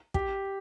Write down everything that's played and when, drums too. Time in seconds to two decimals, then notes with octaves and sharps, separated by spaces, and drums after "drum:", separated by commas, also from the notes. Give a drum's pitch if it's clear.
0.14 G4, drum: kick